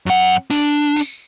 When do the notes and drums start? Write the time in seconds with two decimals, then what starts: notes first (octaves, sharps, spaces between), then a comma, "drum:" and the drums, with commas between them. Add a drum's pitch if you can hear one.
0.06 F#2 F#5
0.50 D4, drum: tambourine
0.96 drum: tambourine